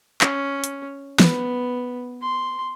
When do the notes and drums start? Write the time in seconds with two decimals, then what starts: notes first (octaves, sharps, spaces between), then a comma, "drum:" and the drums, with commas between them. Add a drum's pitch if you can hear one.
0.21 C#4, drum: clap
0.64 drum: hi-hat
1.20 B3, drum: snare
2.22 C6